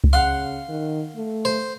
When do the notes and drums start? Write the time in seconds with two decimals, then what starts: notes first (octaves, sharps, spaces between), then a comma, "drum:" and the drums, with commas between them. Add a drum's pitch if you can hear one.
0.04 drum: kick C#2
0.13 C#3 F5 F#5 C6
0.69 D#3
1.16 A3
1.45 C5